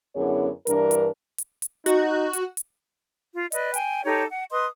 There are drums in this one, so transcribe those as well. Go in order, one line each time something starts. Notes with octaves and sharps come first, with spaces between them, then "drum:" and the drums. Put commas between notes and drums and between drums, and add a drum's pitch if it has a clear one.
F#2 D3 B3 E4 G#4 C#5
G2 E3 D4 A#4, drum: hi-hat
drum: hi-hat
drum: hi-hat
drum: hi-hat
D#4 F#4, drum: hi-hat
drum: hi-hat
drum: hi-hat
F4
B4 D5 D#5, drum: hi-hat
G5 G#5, drum: hi-hat
D#4 G4 A4 C#5
F#5
B4 D#5 C6 D#6